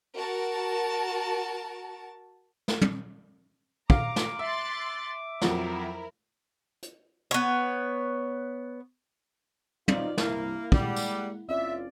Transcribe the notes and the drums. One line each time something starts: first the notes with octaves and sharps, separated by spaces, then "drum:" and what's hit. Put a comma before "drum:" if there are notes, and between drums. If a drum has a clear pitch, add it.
F#4 A#4 A5
drum: snare
drum: tom
F5 A#5 D6, drum: kick
drum: snare
E5 C6 F#6 A6
F2 F3 F#3 E4 A#4, drum: snare
drum: hi-hat
B3 C#5
B2 F3 D#4 F4 D5, drum: tom
C2 G2 A#3 E4, drum: snare
G3 G#3 A#3 F#5, drum: kick
drum: tambourine
F#1 C4 C#4 F4 D5 E5